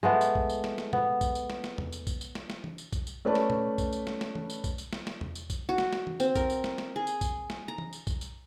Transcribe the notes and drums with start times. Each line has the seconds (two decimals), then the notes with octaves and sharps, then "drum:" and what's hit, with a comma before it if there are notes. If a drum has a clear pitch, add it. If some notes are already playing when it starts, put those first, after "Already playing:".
0.03 G#3 A3 B3
0.21 drum: tambourine
0.35 drum: kick A#1
0.50 drum: tambourine
0.64 drum: snare
0.78 drum: snare
0.93 B3, drum: tom
1.21 drum: kick A#1, tambourine
1.35 drum: tambourine
1.50 drum: snare
1.64 drum: snare
1.78 drum: tom E2
1.92 drum: tambourine
2.07 drum: kick A#1, tambourine
2.21 drum: tambourine
2.35 drum: snare
2.50 drum: snare
2.64 drum: tom
2.78 drum: tambourine
2.93 drum: kick A#1, tambourine
3.07 drum: tambourine
3.25 A3 C#4 B4 D5 A5
3.35 drum: snare
3.50 drum: tom
3.78 drum: kick A#1, tambourine
3.93 drum: tambourine
4.07 drum: snare
4.21 drum: snare
4.35 drum: tom
4.50 drum: tambourine
4.64 drum: kick A#1, tambourine
4.78 drum: tambourine
4.93 drum: snare
5.07 drum: snare
5.21 drum: tom E2
5.35 drum: tambourine
5.50 drum: kick A#1, tambourine
5.69 F#4
5.78 drum: snare
5.93 drum: snare
6.07 drum: tom
6.20 C4, drum: tambourine
6.35 A#4, drum: kick A#1, tambourine
6.50 drum: tambourine
6.64 drum: snare
6.78 drum: snare
6.96 G#4
7.07 drum: tambourine
7.21 drum: kick A#1, tambourine
7.50 drum: snare
7.68 A#5
7.78 drum: tom
7.93 drum: tambourine
8.07 drum: kick A#1, tambourine
8.21 drum: tambourine